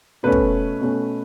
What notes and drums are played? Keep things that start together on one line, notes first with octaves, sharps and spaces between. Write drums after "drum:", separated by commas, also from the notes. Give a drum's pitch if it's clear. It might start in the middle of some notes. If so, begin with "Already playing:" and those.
B2 A3 C#4 B4
drum: kick
B2 A3 C#4